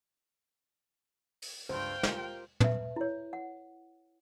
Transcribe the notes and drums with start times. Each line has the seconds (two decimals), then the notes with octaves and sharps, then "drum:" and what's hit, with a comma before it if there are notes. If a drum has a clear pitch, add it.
1.42 drum: open hi-hat
1.69 C#2 G2 C5 F5 G5
2.03 F4 G4 A#4, drum: snare
2.60 B4 E5, drum: tom
2.96 E4 C#5
3.33 F#5